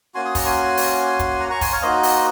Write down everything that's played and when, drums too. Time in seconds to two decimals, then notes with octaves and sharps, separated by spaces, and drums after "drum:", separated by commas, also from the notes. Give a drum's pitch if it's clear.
0.14 A#3 C#4 F#4 G#5 C6
0.25 C6 D#6
0.35 A#5 C#6, drum: kick, open hi-hat
0.45 G#5 C6
0.77 drum: open hi-hat
1.19 drum: kick, hi-hat
1.40 F#5 A#5
1.50 A#5 C#6
1.61 G#5 C6, drum: kick, open hi-hat
1.72 C#5 F5
1.82 A#3 D#4 F#4 C5 D#5
2.03 drum: open hi-hat